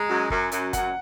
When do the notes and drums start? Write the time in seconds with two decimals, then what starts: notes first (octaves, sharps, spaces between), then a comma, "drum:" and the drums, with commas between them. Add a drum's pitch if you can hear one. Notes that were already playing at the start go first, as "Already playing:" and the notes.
Already playing: G#3 A#5
0.08 F#2
0.30 F#2, drum: kick G1
0.52 F#2, drum: hi-hat
0.73 F#2 F#5, drum: kick G1, hi-hat